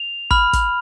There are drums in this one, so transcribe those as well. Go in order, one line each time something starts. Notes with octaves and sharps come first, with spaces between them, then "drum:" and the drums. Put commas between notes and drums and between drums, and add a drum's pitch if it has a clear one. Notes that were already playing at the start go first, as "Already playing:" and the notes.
Already playing: F7
B5 F6, drum: kick
drum: kick, hi-hat